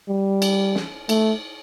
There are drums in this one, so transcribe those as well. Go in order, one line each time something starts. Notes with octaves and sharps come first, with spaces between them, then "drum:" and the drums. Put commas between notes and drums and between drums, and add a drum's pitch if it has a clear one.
G3
drum: cymbal
drum: snare
A3, drum: cymbal